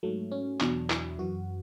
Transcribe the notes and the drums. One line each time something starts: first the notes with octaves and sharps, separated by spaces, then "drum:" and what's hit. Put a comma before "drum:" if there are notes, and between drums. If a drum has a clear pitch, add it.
G#2 F#3 A3
C#4
E2 B2 F#3 D4, drum: clap
E4, drum: clap
F#2 E3 F#4